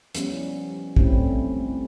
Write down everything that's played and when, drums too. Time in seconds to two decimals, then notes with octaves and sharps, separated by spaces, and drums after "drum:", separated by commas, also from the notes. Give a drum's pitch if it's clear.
0.15 F3 G3 B3 C#4, drum: hi-hat
0.32 E4
0.96 G3 A3 C4 C#4 E4, drum: kick
1.53 E4